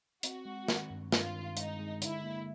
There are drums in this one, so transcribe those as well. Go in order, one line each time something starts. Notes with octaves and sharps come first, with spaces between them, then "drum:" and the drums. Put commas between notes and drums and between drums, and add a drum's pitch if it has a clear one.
C4 F#4, drum: hi-hat
G#3
D#3, drum: snare
G2
G2 F4, drum: snare
D#3
G#3 D#4, drum: hi-hat
G#3
D3 E4, drum: hi-hat
A#3